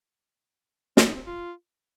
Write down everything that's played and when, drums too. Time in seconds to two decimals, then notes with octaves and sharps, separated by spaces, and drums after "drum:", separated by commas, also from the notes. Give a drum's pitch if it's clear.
0.97 C4, drum: snare
1.06 D#4
1.16 C4
1.26 F4